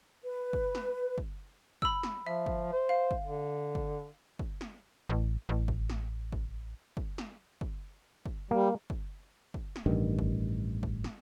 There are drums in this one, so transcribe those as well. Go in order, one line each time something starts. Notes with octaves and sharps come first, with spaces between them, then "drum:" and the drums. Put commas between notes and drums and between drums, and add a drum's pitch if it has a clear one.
B4
drum: kick
drum: snare
drum: kick
B5 E6, drum: kick
drum: snare
F3 E5
drum: kick
C5
F5
drum: kick
D3
drum: kick
drum: kick
drum: snare
A1
A1
drum: kick
drum: snare
drum: kick
drum: kick
drum: snare
drum: kick
drum: kick
G3 A#3
drum: kick
drum: kick
drum: snare
A1 G2 D#3
drum: kick
drum: kick
drum: snare